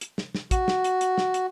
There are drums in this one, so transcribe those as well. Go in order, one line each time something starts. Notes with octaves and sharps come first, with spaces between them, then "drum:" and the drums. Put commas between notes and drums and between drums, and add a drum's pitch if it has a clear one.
drum: hi-hat
drum: snare
drum: snare
F#4, drum: kick, hi-hat
drum: snare
drum: hi-hat
drum: hi-hat
drum: snare
drum: hi-hat